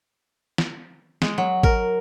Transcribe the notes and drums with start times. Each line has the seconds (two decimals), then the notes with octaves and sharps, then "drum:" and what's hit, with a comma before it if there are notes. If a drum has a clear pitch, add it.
0.58 drum: snare
1.22 G#3, drum: snare
1.38 F#3
1.63 A#4, drum: kick G#1